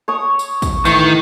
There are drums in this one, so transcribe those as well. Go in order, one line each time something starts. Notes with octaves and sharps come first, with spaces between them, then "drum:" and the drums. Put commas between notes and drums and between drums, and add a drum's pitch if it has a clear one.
C#5 C#6 D#6
drum: tambourine
drum: kick, tambourine
A2 D#3 E3, drum: tambourine